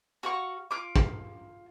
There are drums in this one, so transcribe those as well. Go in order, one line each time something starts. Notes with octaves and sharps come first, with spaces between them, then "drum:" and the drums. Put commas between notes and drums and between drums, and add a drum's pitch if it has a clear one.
F#4 F5 C#6
F4 D6
drum: kick